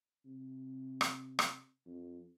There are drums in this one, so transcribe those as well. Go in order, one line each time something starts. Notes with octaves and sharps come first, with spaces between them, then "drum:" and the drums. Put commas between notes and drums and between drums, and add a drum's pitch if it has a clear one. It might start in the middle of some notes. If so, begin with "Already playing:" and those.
C3
drum: rim click
drum: rim click
F2